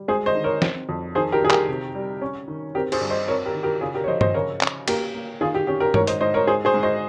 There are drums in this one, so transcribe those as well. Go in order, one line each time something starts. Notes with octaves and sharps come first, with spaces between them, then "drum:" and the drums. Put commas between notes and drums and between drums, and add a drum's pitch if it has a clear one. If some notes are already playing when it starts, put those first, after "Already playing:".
Already playing: G3
G#3 G#4 C5
C5 D#5
D#3
A#4 C#5
C4, drum: snare
F2
D#3 G#4 C5
G4 A#4
D#3 G#4
G4 A#4, drum: clap
C3
G3
C#4
D#3
C4 G4 A#4
G#4 C5, drum: cymbal
G2
C5 D#5
C4 A#4 C#5
G4 A#4
D#3
G4 A#4
C#3 F4 G#4
G4 A#4
C#5
F3 C5 D#5
C5 D#5, drum: tom
C#3 A#4 C#5
C#4, drum: clap
A#3 G4 A#4, drum: cymbal
A#3
D#3 F4 G#4
G4
C#4 G4
G4 A#4
G#2 A#4 C#5, drum: tom
C5 D#5, drum: hi-hat
G#2 C5 D#5
A#4 C#5
G#2 G#4 C5
G#4 C5
G#2
C5 D#5